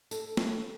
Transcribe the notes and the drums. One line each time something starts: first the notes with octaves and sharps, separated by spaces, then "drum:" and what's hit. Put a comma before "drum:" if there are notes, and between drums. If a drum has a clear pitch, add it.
A4, drum: tambourine
drum: snare